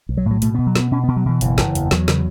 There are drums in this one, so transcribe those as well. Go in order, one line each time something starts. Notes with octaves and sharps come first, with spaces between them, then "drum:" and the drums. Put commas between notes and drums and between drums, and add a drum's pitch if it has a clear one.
B1
F#3
A2
F#3
B2 A3, drum: hi-hat
B2 B3
F#3
B2 B3, drum: snare
B2 C#4
B2 B3
F#3
B2 E3
F#1 E3, drum: hi-hat
F#1, drum: snare
E2, drum: hi-hat
E2 F#3, drum: snare
C#3, drum: snare